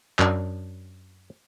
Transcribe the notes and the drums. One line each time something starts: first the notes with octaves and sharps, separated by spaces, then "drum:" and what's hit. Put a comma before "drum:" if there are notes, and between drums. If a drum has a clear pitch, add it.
F#2 D4, drum: clap